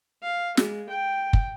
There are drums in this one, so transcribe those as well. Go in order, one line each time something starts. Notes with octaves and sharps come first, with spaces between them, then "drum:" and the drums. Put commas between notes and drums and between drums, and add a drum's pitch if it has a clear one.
F5
G#3, drum: snare
G5
drum: kick